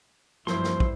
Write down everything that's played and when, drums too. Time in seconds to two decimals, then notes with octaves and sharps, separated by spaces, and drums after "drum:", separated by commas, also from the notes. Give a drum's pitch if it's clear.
0.47 G2 F3 F#3 E4 C5 C6, drum: snare
0.64 drum: snare
0.80 drum: kick